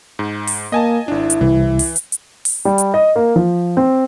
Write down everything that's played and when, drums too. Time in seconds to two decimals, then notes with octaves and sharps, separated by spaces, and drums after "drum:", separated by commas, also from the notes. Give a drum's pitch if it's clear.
0.19 G#2
0.47 drum: open hi-hat
0.72 A#3 D#5 G#5 A5
1.08 G#1 D4 E4
1.30 drum: hi-hat
1.41 C2 E3
1.79 drum: open hi-hat
1.96 drum: hi-hat
2.12 drum: hi-hat
2.45 drum: open hi-hat
2.65 G3
2.78 drum: hi-hat
2.94 D#5
3.16 A#3
3.36 F3
3.77 C4